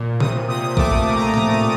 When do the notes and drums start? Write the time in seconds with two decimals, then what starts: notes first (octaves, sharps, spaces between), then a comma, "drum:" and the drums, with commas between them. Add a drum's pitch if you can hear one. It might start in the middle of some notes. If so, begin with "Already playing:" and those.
Already playing: A#2
0.20 C3 D#6, drum: tom C3
0.49 C3 D#6
0.77 A3 D6, drum: kick A#1
1.05 C3
1.16 A#5
1.34 drum: tom A2